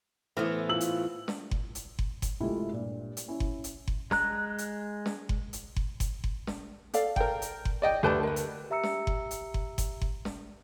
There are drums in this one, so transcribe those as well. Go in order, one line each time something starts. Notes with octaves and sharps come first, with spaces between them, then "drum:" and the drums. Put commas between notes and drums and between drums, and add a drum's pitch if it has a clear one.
A2 E3 A3 B3 C5 F6
F4 E6 F#7
drum: hi-hat
drum: snare
drum: kick F#1
drum: hi-hat
drum: kick F#1
drum: kick F#1, hi-hat
C3 G#3 A3 E4 F4 G4
G2 A#2
drum: hi-hat
C#4 E4
drum: kick F#1
drum: hi-hat
drum: kick F#1
G#3 A#5 F#6, drum: snare
drum: hi-hat
drum: snare
drum: kick F#1
drum: hi-hat
drum: kick F#1
drum: kick F#1, hi-hat
drum: kick F#1
drum: snare
A4 D5 F5, drum: hi-hat
A#4 G5, drum: kick F#1
drum: hi-hat
drum: kick F#1
D5 D#5 G5
D2 G4 B4 A5
A#4 B4
drum: hi-hat
G4 E5 A#5 E6 C#7
drum: snare
drum: kick F#1
drum: hi-hat
drum: kick F#1
drum: kick F#1, hi-hat
drum: kick F#1
drum: snare